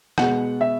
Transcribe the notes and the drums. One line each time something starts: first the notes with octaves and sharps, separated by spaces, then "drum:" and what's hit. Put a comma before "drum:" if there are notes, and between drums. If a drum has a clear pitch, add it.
B2 G#3 F#5, drum: rim click
E5